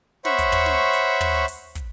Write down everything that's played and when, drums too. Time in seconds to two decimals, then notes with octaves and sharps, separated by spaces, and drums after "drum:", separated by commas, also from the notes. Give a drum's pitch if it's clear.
0.25 C5 C#5 E5 F#5 B5 C#6, drum: snare
0.39 drum: kick, hi-hat
0.52 drum: tom
0.66 drum: snare
0.93 drum: hi-hat
1.21 drum: tom
1.48 drum: open hi-hat
1.75 drum: kick, hi-hat